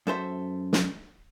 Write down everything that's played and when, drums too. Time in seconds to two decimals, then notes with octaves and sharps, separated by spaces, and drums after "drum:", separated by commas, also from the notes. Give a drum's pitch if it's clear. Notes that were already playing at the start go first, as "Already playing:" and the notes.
0.07 F#2 A4 C5 E5
0.73 drum: snare